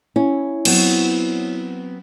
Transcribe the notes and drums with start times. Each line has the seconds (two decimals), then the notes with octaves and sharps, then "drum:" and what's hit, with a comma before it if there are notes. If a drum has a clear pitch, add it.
0.16 C#4 E4
0.65 F#3 B3 C4, drum: cymbal